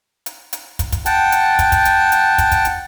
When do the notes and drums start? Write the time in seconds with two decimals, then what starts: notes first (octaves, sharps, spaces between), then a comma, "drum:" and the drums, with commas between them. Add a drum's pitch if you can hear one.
0.26 drum: hi-hat
0.53 drum: hi-hat
0.79 drum: kick, hi-hat
0.92 drum: kick, hi-hat
1.06 F#5 G5 A5, drum: hi-hat
1.32 drum: hi-hat
1.59 drum: kick, hi-hat
1.72 drum: kick, hi-hat
1.85 drum: hi-hat
2.12 drum: hi-hat
2.38 drum: kick, hi-hat
2.52 drum: kick, hi-hat
2.65 drum: hi-hat